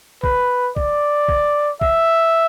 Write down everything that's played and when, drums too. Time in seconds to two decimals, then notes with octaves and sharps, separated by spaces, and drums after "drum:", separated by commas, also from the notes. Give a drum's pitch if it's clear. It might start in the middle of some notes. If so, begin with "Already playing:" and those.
0.24 B4, drum: kick
0.76 D5, drum: kick
1.28 drum: kick
1.81 E5, drum: kick